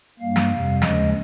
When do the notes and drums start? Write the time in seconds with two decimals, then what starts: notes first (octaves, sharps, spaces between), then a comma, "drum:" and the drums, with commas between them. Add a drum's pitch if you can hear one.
0.20 G2 G3 A#3 F5
0.36 drum: snare
0.52 F2 C3 G3
0.82 D#2 C#3 F3 G#3 C#4 D#5, drum: snare